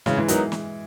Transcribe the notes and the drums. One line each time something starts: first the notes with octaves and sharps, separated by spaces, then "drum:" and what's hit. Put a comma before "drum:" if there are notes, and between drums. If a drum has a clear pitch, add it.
C#3 E3 G#3, drum: snare
E3 G#3
E3 F#3 G#3 B3 D#4 A#4, drum: hi-hat
drum: snare